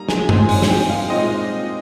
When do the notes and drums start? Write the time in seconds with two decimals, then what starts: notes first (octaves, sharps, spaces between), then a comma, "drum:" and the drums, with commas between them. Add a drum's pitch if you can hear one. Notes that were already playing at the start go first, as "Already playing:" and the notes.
Already playing: G3 A#3 D#4 A#5
0.09 G#5, drum: snare
0.29 A#2 G#3 C4 D#4 G#5, drum: tom
0.49 G#5, drum: open hi-hat
0.62 G#5, drum: snare
0.69 G5
0.90 F5
1.10 A#2 G#3 C4 D#4 D#5